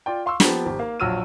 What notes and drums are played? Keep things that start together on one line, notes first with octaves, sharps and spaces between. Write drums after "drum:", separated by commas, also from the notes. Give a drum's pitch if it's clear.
F4 D5 G5
F5 C6 C#6 E6
F3 A#3 B3 G4 A#4, drum: snare
G#1 G4
A#3 F5
A#1 F#3 E6 F6 D#7